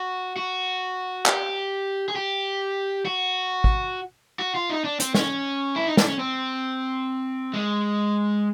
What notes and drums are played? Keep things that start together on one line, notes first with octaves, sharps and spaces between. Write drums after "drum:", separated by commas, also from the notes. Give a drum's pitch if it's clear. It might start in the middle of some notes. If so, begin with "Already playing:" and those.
Already playing: F#4
F#4
G4, drum: clap
G#4
G4
F#4
drum: kick G#1
F#4
F4
D#4
D4
C4, drum: hi-hat
C#4, drum: snare
E4
D#4
D4, drum: snare
C#4
C4
G#3